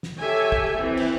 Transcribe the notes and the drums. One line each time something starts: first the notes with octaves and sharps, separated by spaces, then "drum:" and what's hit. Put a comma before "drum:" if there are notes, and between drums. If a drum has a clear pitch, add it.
drum: snare
G4 A4 C#5 E5 G#5
drum: kick
E3 C4
drum: cymbal